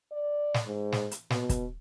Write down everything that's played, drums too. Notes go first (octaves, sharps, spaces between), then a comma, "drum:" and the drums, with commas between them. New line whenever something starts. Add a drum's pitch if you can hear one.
D5
drum: snare
G#2
drum: snare
drum: hi-hat
B2, drum: snare
drum: kick, hi-hat